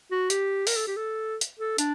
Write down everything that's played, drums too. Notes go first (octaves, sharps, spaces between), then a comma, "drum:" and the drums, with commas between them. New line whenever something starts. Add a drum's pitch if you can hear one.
F#4
G4, drum: hi-hat
A#4, drum: open hi-hat
A4
G4
A4
drum: hi-hat
A4
D4, drum: hi-hat